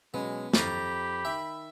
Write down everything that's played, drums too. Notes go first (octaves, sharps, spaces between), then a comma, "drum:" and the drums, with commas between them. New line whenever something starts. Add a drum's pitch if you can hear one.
B2 F#3 G#3 B3 C#4
F2 G4 A#5 B5 C#6 A6 C7, drum: snare
D#3 E5 G5